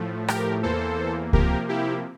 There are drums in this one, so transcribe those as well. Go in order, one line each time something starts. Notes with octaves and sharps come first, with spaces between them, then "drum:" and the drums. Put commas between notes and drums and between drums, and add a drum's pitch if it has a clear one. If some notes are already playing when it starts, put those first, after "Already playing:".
Already playing: A2 F3 A3
G4 A#4, drum: rim click
E2 E3 A#3 A4 C5
C3 F3 A#3 G4 A#4, drum: kick C#2
E4 G4